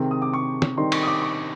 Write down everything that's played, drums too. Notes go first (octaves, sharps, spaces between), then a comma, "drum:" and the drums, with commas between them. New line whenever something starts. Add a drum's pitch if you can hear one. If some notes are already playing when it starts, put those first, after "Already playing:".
Already playing: C3 D#3 G#3 C4
D#6
D6
C#6
drum: snare
D#3 G3 C4 D#4 C6
C#6, drum: cymbal
D#6
D6
C#6